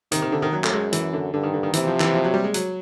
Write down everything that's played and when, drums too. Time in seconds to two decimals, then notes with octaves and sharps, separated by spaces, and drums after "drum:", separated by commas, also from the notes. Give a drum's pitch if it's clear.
0.12 C3 D#3, drum: hi-hat
0.22 D#3
0.32 D3
0.42 D#3
0.52 F#2 F#3
0.64 A3, drum: clap
0.72 G#3
0.93 E3, drum: hi-hat
1.13 D3
1.33 G2 D3
1.43 D#3
1.54 D3
1.63 D#3
1.73 C3 E3, drum: hi-hat
1.87 F3
2.00 E3, drum: clap
2.14 F3
2.24 F#3
2.34 G3
2.44 G#3
2.54 F#3, drum: hi-hat